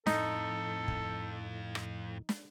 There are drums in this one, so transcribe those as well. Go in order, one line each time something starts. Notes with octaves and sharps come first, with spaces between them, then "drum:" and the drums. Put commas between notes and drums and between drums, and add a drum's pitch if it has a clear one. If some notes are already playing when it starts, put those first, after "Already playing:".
F2 A2 D#4 A4, drum: snare
drum: kick
drum: rim click
drum: snare